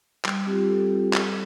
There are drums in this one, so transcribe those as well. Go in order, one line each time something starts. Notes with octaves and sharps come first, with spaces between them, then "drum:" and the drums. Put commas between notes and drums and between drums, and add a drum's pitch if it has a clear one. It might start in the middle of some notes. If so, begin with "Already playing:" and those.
G3 G5, drum: clap
C4 F4 G4
G3 A4
C4 F4
G3, drum: clap